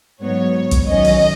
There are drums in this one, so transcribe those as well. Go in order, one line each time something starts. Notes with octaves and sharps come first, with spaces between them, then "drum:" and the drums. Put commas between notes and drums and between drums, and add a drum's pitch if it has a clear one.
G#2 F#3 B3 C#5
drum: kick, hi-hat
D#3 F#3 C#4 D#5
drum: open hi-hat